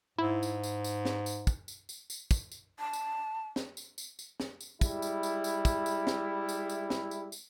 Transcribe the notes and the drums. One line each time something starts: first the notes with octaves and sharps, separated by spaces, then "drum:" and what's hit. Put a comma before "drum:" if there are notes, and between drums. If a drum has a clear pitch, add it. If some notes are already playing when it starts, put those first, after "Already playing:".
G#2 E4
drum: tambourine
drum: tambourine
drum: tambourine
drum: snare
drum: tambourine
drum: kick, tambourine
drum: tambourine
drum: tambourine
drum: tambourine
drum: kick, tambourine
drum: tambourine
A5
drum: tambourine
drum: snare
drum: tambourine
drum: tambourine
drum: tambourine
drum: snare
drum: tambourine
G3 G#3 E4, drum: kick, tambourine
drum: tambourine
drum: tambourine
drum: tambourine
drum: kick, tambourine
drum: tambourine
drum: snare
drum: tambourine
drum: tambourine
drum: snare
drum: tambourine
drum: tambourine